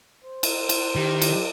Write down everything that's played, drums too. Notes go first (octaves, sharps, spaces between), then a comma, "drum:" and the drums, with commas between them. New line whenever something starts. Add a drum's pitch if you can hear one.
C5
drum: cymbal
drum: cymbal
D#3 G4
drum: cymbal